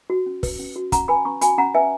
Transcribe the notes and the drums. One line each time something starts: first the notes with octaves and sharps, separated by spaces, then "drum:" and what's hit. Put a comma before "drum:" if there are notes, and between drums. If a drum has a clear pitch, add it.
F#4
C#4
B4, drum: kick, open hi-hat
C#4
F#4
C#4 F#5 A#5, drum: kick, hi-hat
B4 G#5 B5
C#4 A#5 C#6
F#4 G#5 B5, drum: hi-hat
C#4 F#5 A#5
B4 E5 G#5